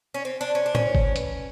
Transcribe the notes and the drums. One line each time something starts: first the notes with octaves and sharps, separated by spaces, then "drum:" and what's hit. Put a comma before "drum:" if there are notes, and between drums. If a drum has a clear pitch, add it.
C#4
C4 C5
D4
C#4
D4
C#4, drum: tom A2
C#5
drum: kick G1
B4, drum: hi-hat